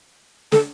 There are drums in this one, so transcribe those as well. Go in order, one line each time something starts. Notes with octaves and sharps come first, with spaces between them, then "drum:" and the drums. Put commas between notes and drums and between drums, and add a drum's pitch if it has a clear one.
A4, drum: snare